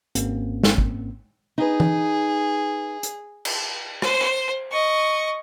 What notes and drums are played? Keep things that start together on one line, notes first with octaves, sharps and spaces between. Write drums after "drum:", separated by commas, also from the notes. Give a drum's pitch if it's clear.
G#1 G#2 A#3 C4 C#4, drum: hi-hat
drum: snare
drum: kick G#1
D#4 G#4 B4
drum: tom E3
drum: hi-hat
drum: cymbal
C5, drum: rim click
D#5 C#6